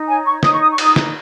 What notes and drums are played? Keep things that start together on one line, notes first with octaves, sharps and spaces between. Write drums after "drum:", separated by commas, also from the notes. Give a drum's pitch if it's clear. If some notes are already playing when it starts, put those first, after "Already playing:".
Already playing: D#4
C#5 G#5
C#6
D#4 D#6, drum: snare
C#6
D#6
C#6
D#4 D#6, drum: cymbal
drum: snare